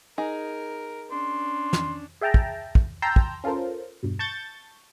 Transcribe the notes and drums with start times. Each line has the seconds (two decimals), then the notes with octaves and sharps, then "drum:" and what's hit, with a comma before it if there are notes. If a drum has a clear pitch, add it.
0.18 D#4 G#4 A#4
1.11 C#4 D4 C6
1.73 drum: snare
2.21 G#4 E5 G5 A5 A#5
2.34 drum: kick
2.75 drum: kick
3.02 G5 A5 A#5 C6 E6 G6
3.16 drum: kick
3.44 C#4 F4 A4 A#4 C5
4.03 E2 G2 B2
4.19 A5 C#6 G6 A6